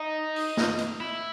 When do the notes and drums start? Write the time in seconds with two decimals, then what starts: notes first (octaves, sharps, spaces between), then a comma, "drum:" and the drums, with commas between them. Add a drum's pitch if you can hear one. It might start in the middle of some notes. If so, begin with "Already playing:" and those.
Already playing: D#4
0.36 drum: open hi-hat
0.57 drum: snare
0.78 drum: hi-hat
1.00 E4